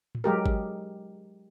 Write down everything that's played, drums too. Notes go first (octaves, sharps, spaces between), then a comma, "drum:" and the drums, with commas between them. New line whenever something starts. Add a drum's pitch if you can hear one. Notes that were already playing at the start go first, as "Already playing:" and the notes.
drum: tom A2
F#3 G#3 G4 A#4
drum: kick G#1